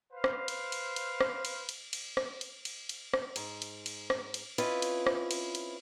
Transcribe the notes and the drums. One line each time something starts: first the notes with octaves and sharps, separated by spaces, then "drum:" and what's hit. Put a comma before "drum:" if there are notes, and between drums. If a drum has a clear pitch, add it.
B4 C5 F5
drum: rim click
drum: cymbal
drum: cymbal
drum: cymbal
drum: rim click
drum: cymbal
drum: cymbal
drum: cymbal
drum: rim click
drum: cymbal
drum: cymbal
drum: cymbal
drum: rim click
G#2, drum: cymbal
drum: cymbal
drum: cymbal
drum: rim click
drum: cymbal
C4 C#4 E4 F4 B4 D#5, drum: cymbal
drum: cymbal
drum: rim click
drum: cymbal
drum: cymbal